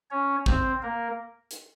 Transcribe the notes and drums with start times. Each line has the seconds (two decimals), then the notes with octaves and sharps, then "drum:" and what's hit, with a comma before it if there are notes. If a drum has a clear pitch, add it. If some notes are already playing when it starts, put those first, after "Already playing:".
0.11 C#4 C#5
0.46 C4 C5, drum: kick
0.83 A#3 A#4
1.51 drum: hi-hat